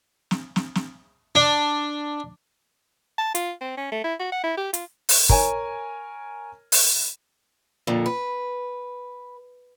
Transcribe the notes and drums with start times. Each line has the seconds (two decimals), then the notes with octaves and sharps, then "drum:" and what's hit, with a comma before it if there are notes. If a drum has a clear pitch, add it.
0.31 drum: snare
0.56 drum: snare
0.75 drum: snare
1.35 D4
3.18 A5
3.35 F4, drum: hi-hat
3.62 C4
3.77 C#4
3.92 A3
4.04 E4
4.20 F#4
4.32 F#5
4.44 E4
4.57 G4
4.74 F4, drum: hi-hat
5.09 drum: open hi-hat
5.29 A#4 C#5 G#5, drum: kick
6.72 drum: open hi-hat
7.87 F2 A#2 D3
8.06 B4